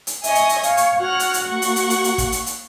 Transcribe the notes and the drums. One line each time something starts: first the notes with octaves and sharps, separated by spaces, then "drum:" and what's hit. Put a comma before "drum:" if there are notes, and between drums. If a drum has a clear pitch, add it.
drum: hi-hat
C#5 D#5 E5 G#5, drum: hi-hat
drum: hi-hat
drum: hi-hat
C#5 F5, drum: hi-hat
drum: hi-hat
F#4 C#5 F#5 F6
drum: hi-hat
drum: hi-hat
A#3 F#5 C#6
drum: hi-hat
drum: hi-hat
drum: hi-hat
drum: hi-hat
drum: kick, hi-hat
drum: hi-hat
drum: hi-hat